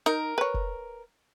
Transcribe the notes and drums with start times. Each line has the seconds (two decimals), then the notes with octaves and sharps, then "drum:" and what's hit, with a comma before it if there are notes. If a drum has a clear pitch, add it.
0.06 D#4 A#4
0.38 B4 C#5
0.54 drum: kick